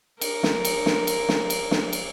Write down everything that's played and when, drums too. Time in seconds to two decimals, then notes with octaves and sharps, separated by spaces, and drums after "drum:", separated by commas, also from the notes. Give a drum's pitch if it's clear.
0.21 A#4, drum: cymbal
0.43 drum: snare
0.65 drum: cymbal
0.86 drum: snare
1.07 drum: cymbal
1.29 drum: snare
1.50 drum: cymbal
1.71 drum: snare
1.93 drum: cymbal